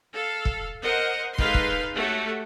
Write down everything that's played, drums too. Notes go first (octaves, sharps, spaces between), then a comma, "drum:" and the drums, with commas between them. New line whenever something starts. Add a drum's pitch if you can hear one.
A4 F5
drum: kick
A#4 C5 D#5 F#5
G#3 D#4 A4 B4 F5 C6, drum: kick
drum: kick
A3 C#4 F#4 G4 A4